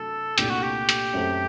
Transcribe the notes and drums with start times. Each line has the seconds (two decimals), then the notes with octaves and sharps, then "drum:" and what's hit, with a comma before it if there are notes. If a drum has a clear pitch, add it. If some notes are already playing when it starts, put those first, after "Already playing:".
Already playing: C3 F#3 A3 D4 A4
0.38 C2 A#2 A3 D4 G4, drum: hi-hat
0.49 F#4
0.62 G4
0.89 drum: hi-hat
1.14 F#2 F#3 A3 C4